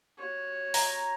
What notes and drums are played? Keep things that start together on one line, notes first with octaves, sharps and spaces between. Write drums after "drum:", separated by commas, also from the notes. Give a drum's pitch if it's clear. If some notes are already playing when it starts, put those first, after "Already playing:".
F#4 C#5
A#5, drum: open hi-hat